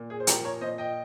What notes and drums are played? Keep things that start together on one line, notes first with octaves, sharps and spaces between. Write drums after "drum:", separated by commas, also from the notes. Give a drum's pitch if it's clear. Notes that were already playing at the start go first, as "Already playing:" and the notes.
Already playing: A#2
G#4
C5
F3 G4 A#4, drum: hi-hat
A#4 C#5
A#2 C5 D#5
D#5 G5